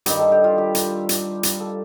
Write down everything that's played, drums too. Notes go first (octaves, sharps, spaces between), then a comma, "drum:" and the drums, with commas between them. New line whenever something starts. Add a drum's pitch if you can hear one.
G2 D#3 G3 G4, drum: hi-hat
A4
G4
F4
G4
drum: hi-hat
drum: hi-hat
drum: hi-hat
A4